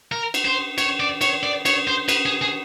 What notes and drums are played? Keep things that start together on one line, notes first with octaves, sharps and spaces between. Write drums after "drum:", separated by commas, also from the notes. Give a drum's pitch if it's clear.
A#4
drum: cymbal
C5
C#5, drum: cymbal
D5
C#5, drum: cymbal
D5
C#5, drum: cymbal
C5
B4, drum: cymbal
G#4
G#4